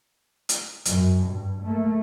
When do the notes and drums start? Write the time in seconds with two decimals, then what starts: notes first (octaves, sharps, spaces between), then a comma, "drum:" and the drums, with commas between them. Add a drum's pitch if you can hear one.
0.49 drum: hi-hat
0.85 F#2, drum: hi-hat
1.25 G2
1.63 A3 A#3